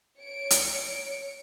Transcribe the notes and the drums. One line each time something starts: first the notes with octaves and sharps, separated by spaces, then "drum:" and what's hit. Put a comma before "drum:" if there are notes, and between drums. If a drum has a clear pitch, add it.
C#5 C#7 D7
drum: hi-hat